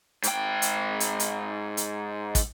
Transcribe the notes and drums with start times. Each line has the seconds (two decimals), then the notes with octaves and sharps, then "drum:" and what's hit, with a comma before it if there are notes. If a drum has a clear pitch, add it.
0.23 G#2 G5, drum: hi-hat
0.62 drum: hi-hat
1.00 drum: hi-hat
1.20 drum: hi-hat
1.77 drum: hi-hat
2.35 drum: kick, hi-hat